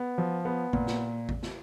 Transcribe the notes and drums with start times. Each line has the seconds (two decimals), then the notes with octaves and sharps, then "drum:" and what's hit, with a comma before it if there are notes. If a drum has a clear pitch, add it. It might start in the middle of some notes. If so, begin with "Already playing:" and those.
Already playing: B3
0.18 F3
0.45 B3
0.73 A#2, drum: kick A1
0.87 drum: snare
1.29 drum: kick A1
1.43 drum: snare